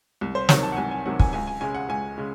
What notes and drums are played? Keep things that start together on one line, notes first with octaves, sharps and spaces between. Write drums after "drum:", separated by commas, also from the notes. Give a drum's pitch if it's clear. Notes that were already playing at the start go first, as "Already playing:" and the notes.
C2
C5
C3 D#3 F#3 C#5, drum: snare
A5
F#5
C2 G#5
G#5
C3 D#3 F#3 F#5
G#5, drum: kick
C#2 G#5
G#5
C#3 G#3 G#5
F#5
C#2 G#5
C#3 G#3